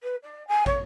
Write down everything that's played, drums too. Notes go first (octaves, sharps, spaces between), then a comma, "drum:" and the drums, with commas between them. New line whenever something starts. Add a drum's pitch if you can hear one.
B4
D5
G#5
C#5, drum: kick